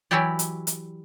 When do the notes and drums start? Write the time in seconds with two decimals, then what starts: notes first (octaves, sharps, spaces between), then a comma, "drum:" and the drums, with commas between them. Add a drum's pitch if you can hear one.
0.11 E3 F#3 E4 F#4 G4 D5
0.39 drum: hi-hat
0.67 drum: hi-hat